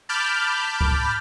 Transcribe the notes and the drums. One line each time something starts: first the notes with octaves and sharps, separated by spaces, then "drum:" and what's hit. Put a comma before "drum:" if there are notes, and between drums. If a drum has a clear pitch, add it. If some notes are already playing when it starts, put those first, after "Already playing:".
A5 B5 D6 F6 G6
drum: kick C#2